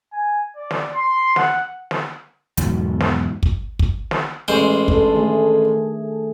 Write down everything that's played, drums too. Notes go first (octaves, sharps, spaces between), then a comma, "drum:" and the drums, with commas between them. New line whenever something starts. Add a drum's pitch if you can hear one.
G#5
D5
drum: snare
C6
F#5, drum: snare
drum: snare
E2 G#2 B2 F#3, drum: hi-hat
drum: snare
drum: kick
drum: kick
drum: snare
A1 G#3 C5
D4 A4, drum: kick
D#3 A3 G#4